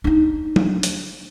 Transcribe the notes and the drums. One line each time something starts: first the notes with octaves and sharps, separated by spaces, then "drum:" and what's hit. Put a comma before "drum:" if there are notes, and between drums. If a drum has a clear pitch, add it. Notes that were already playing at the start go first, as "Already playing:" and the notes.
D4 D#4
drum: tom F#3
drum: hi-hat